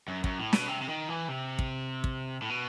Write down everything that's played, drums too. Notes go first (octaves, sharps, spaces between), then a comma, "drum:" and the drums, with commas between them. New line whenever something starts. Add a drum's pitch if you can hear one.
F#2
F#2, drum: kick
A2
B2, drum: snare
C3
C3
D#3
E3
C3
drum: kick
drum: kick
A2
B2